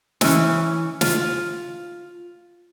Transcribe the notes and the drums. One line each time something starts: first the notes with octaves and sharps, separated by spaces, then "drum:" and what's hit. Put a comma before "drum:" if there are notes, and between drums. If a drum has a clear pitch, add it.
E3 C#4, drum: snare
F4, drum: snare